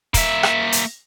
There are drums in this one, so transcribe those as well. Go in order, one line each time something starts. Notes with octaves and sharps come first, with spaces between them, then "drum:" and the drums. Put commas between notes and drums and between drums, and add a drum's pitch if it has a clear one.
A#3 E5, drum: kick, hi-hat
drum: rim click
drum: hi-hat